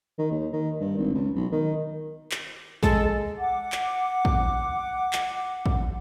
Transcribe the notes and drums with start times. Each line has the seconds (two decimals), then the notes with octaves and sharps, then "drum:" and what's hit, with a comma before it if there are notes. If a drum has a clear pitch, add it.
0.19 D#3
0.31 D#2
0.53 D#3
0.80 G2
0.98 G#1
1.15 C#2
1.35 B1
1.52 D#3
2.31 drum: clap
2.83 G#3 A4, drum: kick A#1
3.37 F#5 D6
3.72 drum: clap
4.25 drum: kick A#1
5.13 drum: clap
5.66 drum: kick A#1